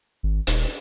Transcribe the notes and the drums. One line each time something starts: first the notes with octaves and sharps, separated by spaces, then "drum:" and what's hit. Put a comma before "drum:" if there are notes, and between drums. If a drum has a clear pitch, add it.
G#1
D#1, drum: hi-hat